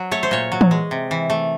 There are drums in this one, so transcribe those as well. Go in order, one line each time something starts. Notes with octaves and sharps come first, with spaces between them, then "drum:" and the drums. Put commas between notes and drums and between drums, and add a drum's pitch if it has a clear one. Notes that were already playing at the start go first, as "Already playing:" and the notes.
Already playing: F#3
A3 C#5
C5
A#2 C#5
F#3
drum: tom E3
G#3
C3
E3
A3